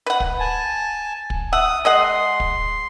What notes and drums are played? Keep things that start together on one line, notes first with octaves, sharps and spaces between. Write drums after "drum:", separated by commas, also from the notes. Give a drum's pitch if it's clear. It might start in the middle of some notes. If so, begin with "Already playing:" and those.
B4 F#5
drum: kick
G#5 A5
drum: kick
E5 F#5 D#6
G#3 D#5 F#5 C6
drum: kick